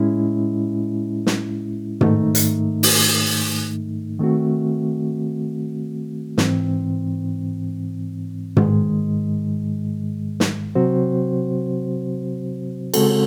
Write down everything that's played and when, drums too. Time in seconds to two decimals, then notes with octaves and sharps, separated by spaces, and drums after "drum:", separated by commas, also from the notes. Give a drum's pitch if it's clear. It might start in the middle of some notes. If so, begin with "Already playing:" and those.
Already playing: A2 G#3 C#4 E4
1.27 drum: snare
2.01 G#2 D#3 A3 D#4, drum: tom
2.35 drum: hi-hat
2.83 drum: open hi-hat
4.19 D#3 A3 C4 F#4
6.38 G#2 E3 C4, drum: snare
8.57 G#2 D#3 G#3, drum: tom
10.40 drum: snare
10.75 C3 F#3 C4 F#4 C5
12.94 C#3 G#3 C4 F#4 A4, drum: cymbal